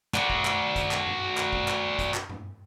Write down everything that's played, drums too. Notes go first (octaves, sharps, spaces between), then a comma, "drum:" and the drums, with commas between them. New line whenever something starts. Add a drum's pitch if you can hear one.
F#4 D5, drum: clap
drum: kick
drum: clap
drum: kick, hi-hat
drum: clap
drum: tom G2
drum: clap
drum: kick
drum: clap
drum: kick, hi-hat
drum: clap
drum: tom G2